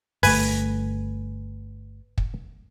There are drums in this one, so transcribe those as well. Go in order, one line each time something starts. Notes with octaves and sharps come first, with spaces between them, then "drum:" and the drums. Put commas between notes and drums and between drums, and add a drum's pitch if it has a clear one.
G1 A3 B4 G#5, drum: open hi-hat
drum: kick